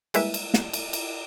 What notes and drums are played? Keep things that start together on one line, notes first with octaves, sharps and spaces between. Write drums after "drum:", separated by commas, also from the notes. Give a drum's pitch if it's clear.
G3 G#3 A#3 E4 B4 E5, drum: cymbal
drum: cymbal
drum: snare
drum: cymbal
drum: cymbal